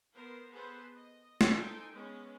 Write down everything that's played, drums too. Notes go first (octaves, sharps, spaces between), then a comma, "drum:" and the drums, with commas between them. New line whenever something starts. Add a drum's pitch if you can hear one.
B3 A#4 C5
B3 G#4 A4 B4 C5
D#5
drum: snare
D#4 A4 C5 G5 G#5
G#3 B3 C#4